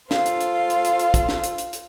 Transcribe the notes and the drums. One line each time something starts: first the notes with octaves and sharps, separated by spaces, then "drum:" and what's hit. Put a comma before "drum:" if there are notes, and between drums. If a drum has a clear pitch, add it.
F4 A4 C5 F5, drum: snare
drum: hi-hat
drum: hi-hat
drum: hi-hat
drum: hi-hat
drum: hi-hat
drum: kick, hi-hat
drum: snare
drum: hi-hat
drum: hi-hat
drum: hi-hat